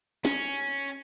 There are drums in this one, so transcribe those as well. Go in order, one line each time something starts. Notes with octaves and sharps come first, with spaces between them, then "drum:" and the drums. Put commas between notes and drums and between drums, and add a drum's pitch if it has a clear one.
C#4, drum: snare